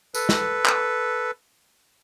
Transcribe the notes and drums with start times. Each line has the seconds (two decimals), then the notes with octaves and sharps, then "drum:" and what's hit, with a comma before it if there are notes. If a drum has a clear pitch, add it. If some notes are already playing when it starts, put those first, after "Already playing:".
0.14 A4 B4, drum: tambourine
0.29 drum: snare
0.66 drum: clap